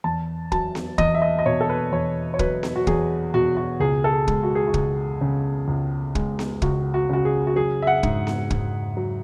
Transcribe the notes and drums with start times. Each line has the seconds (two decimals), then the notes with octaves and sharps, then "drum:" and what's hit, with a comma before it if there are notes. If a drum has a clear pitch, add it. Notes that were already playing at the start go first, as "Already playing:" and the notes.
0.04 E2 A5
0.52 F#3 A5, drum: kick
0.75 drum: snare B3
0.98 E2 D#5, drum: kick
1.14 E5
1.22 D#5
1.39 D#5
1.46 B2 C#5
1.61 A4
1.69 B4
1.92 E2 C#5
2.34 C#5
2.39 F#3 B4, drum: kick
2.63 drum: snare B3
2.76 F#4
2.87 E2 G#4, drum: kick
3.34 B2 F#4
3.57 F#4
3.80 C#2 G#4
4.04 A4
4.12 G#4
4.28 G#3, drum: kick
4.43 F#4
4.55 G#4
4.68 F#4
4.74 C#2, drum: kick
5.21 C#3
5.68 C#2
6.15 G#3, drum: kick
6.39 drum: snare B3
6.62 C#2 F#4, drum: kick
6.94 F#4
7.09 C#3 F#4
7.25 G#4
7.47 F#4
7.56 F#3 G#4
7.82 E5
7.87 F#5
8.03 G#2, drum: kick
8.27 drum: snare B3
8.50 G#2, drum: kick
8.97 F#3